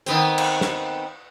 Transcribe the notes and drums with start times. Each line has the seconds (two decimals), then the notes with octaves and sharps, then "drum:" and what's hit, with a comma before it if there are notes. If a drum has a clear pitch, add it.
0.06 D#3 B3 C4, drum: hi-hat
0.38 drum: cymbal
0.61 drum: snare